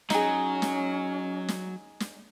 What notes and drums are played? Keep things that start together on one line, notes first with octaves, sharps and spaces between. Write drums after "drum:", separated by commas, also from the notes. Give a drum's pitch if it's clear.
F#3 C#4 D#4 G#4, drum: snare
drum: snare
drum: snare
drum: snare